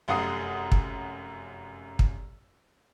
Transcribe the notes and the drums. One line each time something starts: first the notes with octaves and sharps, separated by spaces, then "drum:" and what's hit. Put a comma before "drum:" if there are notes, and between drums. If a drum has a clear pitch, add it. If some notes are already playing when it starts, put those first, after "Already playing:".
F1 F#2 F#5 A#5 D#6 C7
drum: kick
drum: kick